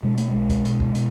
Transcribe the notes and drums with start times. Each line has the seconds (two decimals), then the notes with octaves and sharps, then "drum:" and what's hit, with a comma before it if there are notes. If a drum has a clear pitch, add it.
0.03 B2 G#3
0.18 A3, drum: hi-hat
0.31 B1 G#3
0.50 drum: kick, hi-hat
0.65 B2, drum: hi-hat
0.80 drum: kick
0.95 B2, drum: hi-hat